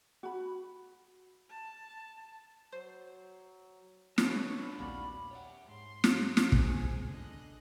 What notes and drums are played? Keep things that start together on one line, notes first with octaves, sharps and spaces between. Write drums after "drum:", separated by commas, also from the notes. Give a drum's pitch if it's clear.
F#4 B5
A5
F#3 C5
D#3 C4 D4 B4 C#5 A5, drum: snare
A#1 D#2 F#4 D5 F5 B5
G4 C#5 E5 F#5
G#2 C6
drum: snare
drum: snare
G3 G#4 C5, drum: kick
D3 D#5 F#6